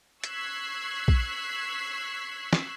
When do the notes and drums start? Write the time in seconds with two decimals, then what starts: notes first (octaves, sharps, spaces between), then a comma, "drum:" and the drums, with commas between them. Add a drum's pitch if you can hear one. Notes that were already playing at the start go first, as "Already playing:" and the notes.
0.24 C#6 E6 F#6 G#6 B6 C7, drum: hi-hat
1.08 drum: kick A#1
2.53 drum: snare